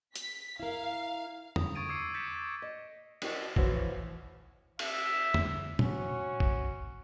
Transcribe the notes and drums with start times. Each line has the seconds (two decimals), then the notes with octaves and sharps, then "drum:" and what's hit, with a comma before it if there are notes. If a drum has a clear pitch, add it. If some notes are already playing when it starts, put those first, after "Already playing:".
0.16 B6, drum: hi-hat
0.60 E4 A#4 F5
1.56 D#6, drum: tom E2
1.75 C#6 D#6 G#6 A6 D7 D#7
1.89 D6 E6 G#6 C7 C#7 D#7
2.14 G6 A6 B6 C#7 E7
2.35 B6
2.62 D#5
3.22 C#4 E4 F#4 G4 A#4 D#5, drum: cymbal
3.56 E3 F3 E4 F#4 C5 C#5, drum: kick
4.79 E5, drum: cymbal
5.34 drum: tom E2
5.79 C#4 F#4, drum: tom A#2
6.40 drum: kick